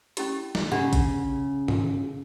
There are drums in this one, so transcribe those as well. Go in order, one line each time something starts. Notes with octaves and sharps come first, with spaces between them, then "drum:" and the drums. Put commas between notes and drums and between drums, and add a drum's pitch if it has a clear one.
C#4 E4 G4, drum: hi-hat
drum: snare
C#3 D4 G4 F#5
drum: kick A1, hi-hat
drum: tom G2